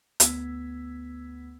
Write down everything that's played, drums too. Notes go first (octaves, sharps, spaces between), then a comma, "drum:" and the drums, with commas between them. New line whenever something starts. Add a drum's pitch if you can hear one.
D2 B3 E6 G#6 B6, drum: hi-hat